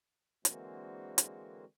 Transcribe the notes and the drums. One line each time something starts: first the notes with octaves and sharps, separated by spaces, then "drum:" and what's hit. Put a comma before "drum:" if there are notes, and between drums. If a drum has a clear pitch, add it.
D3 E3 G#3 A#3 C4 F#4, drum: hi-hat
drum: hi-hat